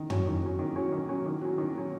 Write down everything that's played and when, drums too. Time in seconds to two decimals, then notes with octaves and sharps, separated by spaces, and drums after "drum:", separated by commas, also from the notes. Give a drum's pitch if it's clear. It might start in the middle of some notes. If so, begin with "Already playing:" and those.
Already playing: D#3
0.10 F#3 C#4, drum: tom
0.26 D#3
0.43 F#3 C#4
0.59 D#3
0.76 F#3 C#4
0.92 D#3
1.09 F#3 C#4
1.26 D#3
1.42 F#3 C#4
1.58 D#3
1.74 F#3 C#4